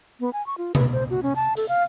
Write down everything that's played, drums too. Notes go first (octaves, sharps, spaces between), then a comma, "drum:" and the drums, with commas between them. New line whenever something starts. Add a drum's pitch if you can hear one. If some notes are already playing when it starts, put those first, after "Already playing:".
B3
G#5
C#6
F4
B4, drum: tom B2
C5
F#4
C#4
A5
A4, drum: hi-hat
F5